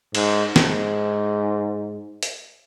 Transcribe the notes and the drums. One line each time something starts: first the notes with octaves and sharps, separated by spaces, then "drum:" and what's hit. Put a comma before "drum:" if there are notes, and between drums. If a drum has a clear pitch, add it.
G#2, drum: cymbal
G#2, drum: snare
drum: hi-hat